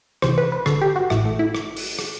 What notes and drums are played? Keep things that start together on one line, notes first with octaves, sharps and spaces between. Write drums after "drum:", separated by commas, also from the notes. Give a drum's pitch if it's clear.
C2 C3 E3 C5, drum: rim click
B4
B4
G1 G2 D3 A4, drum: rim click
G4
F#4
A1 A2 E3 A3, drum: rim click
A3
E4
drum: rim click
drum: open hi-hat
drum: rim click